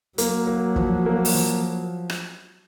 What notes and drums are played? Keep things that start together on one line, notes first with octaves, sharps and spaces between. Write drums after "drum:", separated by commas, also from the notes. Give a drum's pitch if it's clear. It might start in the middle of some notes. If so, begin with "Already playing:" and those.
F#3 A#3, drum: hi-hat
A#3
F3, drum: kick
A#3
drum: open hi-hat
F3
drum: rim click